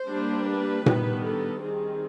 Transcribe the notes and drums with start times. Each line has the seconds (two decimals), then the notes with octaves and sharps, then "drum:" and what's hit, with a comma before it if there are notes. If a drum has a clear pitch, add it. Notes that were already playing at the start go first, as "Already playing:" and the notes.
Already playing: C5
0.09 G3 A#3 D4
0.48 B4
0.86 D#3 G3 B3 D4, drum: tom A#2
1.25 A4
1.63 D#3 G3 C4 G#4